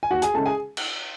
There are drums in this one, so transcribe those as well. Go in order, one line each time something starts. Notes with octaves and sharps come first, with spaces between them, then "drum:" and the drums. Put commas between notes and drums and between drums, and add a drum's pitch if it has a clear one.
G#5
D#2 F#4 F#5
G#4 G#5, drum: hi-hat
C#3 G#3 C#4 E4 A4 A5
G#4 G#5
drum: cymbal